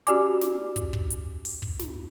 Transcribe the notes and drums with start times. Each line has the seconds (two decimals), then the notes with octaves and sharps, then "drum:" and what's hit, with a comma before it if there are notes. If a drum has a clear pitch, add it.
0.07 C#4 F#4 G4 D5 G#5 D6, drum: hi-hat
0.41 drum: snare
0.76 drum: kick, hi-hat
0.93 drum: kick
1.10 drum: hi-hat
1.45 drum: open hi-hat
1.62 drum: kick
1.79 drum: snare